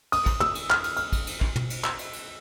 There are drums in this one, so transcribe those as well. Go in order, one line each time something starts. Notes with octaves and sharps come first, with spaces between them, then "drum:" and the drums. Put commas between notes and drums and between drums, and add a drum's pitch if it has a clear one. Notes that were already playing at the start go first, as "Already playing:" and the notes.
D#6, drum: cymbal
drum: kick, cymbal
E6, drum: tom
drum: cymbal
F6, drum: clap
drum: cymbal
F6, drum: cymbal
drum: kick, cymbal
drum: cymbal
drum: kick
drum: tom
drum: cymbal
E6, drum: clap
drum: cymbal
drum: cymbal